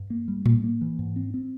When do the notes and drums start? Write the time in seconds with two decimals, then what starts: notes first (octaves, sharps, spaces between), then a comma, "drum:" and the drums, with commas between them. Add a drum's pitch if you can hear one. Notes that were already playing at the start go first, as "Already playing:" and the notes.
Already playing: G2
0.10 A#3
0.28 G3
0.46 A#3, drum: tom A2
0.64 A#3
0.81 E3
0.99 G#2
1.16 C4
1.34 C4